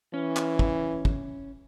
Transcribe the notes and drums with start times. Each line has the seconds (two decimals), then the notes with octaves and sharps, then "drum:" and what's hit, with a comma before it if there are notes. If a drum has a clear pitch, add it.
0.14 E3 C#4
0.37 drum: clap
0.59 drum: kick
1.05 drum: kick